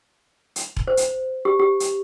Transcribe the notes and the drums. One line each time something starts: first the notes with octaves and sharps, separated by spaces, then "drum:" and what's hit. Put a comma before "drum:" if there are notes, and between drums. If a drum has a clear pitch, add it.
drum: hi-hat
drum: kick E1
C5
drum: hi-hat
G4
G4
drum: hi-hat